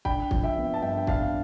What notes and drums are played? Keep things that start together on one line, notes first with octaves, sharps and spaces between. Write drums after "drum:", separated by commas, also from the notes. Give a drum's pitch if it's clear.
D4 G5 B5, drum: kick
F3, drum: kick
E5 G5
B3
A5
G2 E5 G5
G5
D4 F5 A5, drum: kick